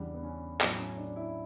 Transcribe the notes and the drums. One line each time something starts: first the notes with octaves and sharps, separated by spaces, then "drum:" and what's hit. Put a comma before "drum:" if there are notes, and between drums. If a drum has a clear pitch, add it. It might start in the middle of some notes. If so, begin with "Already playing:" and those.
Already playing: E2 C#3 G3 D4
B3
C#4
A2 F#3 B3, drum: clap
C#4
D4
E4